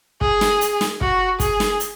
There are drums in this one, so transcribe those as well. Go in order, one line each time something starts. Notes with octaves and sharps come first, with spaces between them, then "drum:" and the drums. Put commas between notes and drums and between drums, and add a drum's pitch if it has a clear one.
G#4, drum: kick
drum: snare
drum: hi-hat
drum: snare
F#4, drum: kick
G#4, drum: kick, hi-hat
drum: snare
drum: hi-hat